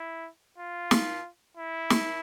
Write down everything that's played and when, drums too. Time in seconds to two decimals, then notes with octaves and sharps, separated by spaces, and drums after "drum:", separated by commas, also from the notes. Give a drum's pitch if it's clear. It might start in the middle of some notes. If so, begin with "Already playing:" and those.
Already playing: E4
0.58 F4
0.91 drum: snare
1.57 E4
1.90 drum: snare